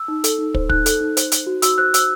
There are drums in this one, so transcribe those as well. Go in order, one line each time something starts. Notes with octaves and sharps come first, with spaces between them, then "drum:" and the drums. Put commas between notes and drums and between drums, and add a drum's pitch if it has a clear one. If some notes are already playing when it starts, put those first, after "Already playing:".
Already playing: E6
D#4
A4, drum: hi-hat
D#4
C5, drum: kick
D#4 F#6, drum: kick
A4, drum: hi-hat
D#4
C5, drum: hi-hat
C5, drum: hi-hat
F#4
F#4 E6, drum: hi-hat
C5 F#6
C5 E6, drum: hi-hat